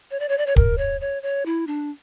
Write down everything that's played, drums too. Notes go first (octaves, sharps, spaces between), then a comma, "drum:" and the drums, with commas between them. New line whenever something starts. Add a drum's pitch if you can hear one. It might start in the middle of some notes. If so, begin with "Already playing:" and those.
C#5
D5
C#5
D5
C#5
A#4, drum: kick
C#5
C#5
C#5
E4
D4